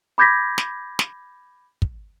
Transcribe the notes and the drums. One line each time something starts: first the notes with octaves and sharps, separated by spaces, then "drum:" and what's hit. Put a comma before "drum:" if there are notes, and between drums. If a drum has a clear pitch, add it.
B5 D6 G6 G#6 A#6 B6
drum: snare
drum: snare
drum: kick